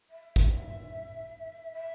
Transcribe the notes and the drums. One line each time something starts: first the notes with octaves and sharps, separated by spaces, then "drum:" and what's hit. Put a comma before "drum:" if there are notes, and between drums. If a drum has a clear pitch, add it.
E5
drum: kick
E5